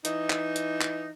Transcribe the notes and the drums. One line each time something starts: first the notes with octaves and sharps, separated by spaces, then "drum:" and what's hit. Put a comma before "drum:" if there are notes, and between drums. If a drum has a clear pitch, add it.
E3 D#4, drum: hi-hat
drum: clap
drum: hi-hat
drum: clap